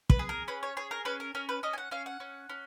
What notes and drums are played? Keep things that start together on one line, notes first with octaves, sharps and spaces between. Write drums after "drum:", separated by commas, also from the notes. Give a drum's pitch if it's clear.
B4, drum: kick
G#4
A#4
C#4 B4
C#5
G#4 C#5
A#4
C#4 B4
A#4
C#4 A#4
B4
C#4 D#5
G#5
F#5
C#4 F5
F#5
C#4
C#4